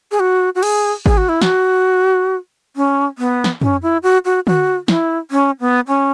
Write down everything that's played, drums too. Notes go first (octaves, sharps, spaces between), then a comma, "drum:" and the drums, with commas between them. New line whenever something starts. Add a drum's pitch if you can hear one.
G#4
F#4
F#4
G#4, drum: cymbal
G#4, drum: kick G#1
F#4
E4
F#4, drum: snare
C#4
B3
drum: snare
C#4, drum: tom
E4
F#4
F#4
F#4, drum: tom
E4, drum: snare
C#4
B3
C#4